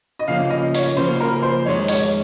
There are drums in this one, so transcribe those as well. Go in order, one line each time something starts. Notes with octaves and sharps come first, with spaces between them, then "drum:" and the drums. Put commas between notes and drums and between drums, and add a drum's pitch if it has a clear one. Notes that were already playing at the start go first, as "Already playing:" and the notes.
D#5
C#3 F3 A#3 C#4 F5
D#5
C#5, drum: open hi-hat
C#3 F3 A#3 C#4 C5
A#4
C5
F2 D#3 G#3 C#4 C#5
C#5, drum: open hi-hat